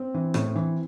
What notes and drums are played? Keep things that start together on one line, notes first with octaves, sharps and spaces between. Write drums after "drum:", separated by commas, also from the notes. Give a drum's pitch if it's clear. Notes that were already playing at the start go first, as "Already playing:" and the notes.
Already playing: C4
E3
A2, drum: rim click
E3